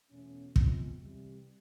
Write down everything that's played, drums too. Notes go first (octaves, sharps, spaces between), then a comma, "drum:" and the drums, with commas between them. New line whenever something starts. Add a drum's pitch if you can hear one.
E2 B2 F#3 A3 C#4
B2 G#3 C4 F4, drum: kick
C3 E3 G3